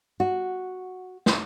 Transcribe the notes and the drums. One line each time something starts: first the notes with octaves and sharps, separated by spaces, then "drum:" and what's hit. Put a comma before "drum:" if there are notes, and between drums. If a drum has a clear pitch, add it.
F#4
drum: snare